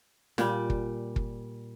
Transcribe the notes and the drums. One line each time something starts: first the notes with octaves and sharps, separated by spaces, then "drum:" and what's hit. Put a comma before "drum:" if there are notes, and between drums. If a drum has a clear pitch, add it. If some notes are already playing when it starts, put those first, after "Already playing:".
A#2 G3, drum: snare
drum: kick
drum: kick